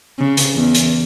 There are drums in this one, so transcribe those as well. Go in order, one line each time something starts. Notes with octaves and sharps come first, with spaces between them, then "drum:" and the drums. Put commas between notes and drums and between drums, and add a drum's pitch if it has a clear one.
C#3
drum: hi-hat
E2
drum: hi-hat